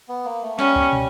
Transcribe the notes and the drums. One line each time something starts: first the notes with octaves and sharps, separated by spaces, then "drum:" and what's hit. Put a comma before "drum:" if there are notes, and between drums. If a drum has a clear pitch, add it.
B3
A#3
A3
G3 C#4, drum: snare
drum: kick C#2
drum: tom